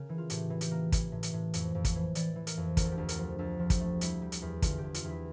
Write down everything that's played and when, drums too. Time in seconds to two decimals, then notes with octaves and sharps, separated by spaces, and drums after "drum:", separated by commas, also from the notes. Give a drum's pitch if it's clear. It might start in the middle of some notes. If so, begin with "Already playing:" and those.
Already playing: C#3 A#4
0.09 E3
0.18 F4
0.30 A2 G4, drum: hi-hat
0.50 E3
0.61 G4, drum: hi-hat
0.71 A#3
0.92 E3, drum: kick, hi-hat
1.12 A2
1.23 drum: hi-hat
1.33 A2
1.54 F2, drum: hi-hat
1.75 F2
1.85 drum: kick, hi-hat
1.95 E3
2.15 E3 D5, drum: hi-hat
2.36 E3
2.47 A#4, drum: hi-hat
2.57 F2
2.77 D2 A#4, drum: kick, hi-hat
2.85 A4
2.91 G4
2.98 D2 A4
3.09 A#4, drum: hi-hat
3.19 F3
3.39 D2 A4
3.59 F3
3.70 G4, drum: kick, hi-hat
3.80 A3
4.01 G3 E4, drum: hi-hat
4.22 G3
4.32 drum: hi-hat
4.42 E2
4.62 D3 F4, drum: kick, hi-hat
4.78 E2 G4
4.94 F4, drum: hi-hat
5.04 E2
5.10 E4